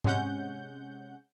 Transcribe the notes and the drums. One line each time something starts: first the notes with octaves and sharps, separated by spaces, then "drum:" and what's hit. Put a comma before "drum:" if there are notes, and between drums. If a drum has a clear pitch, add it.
C3 G#3 C#4 F#5 G6, drum: tom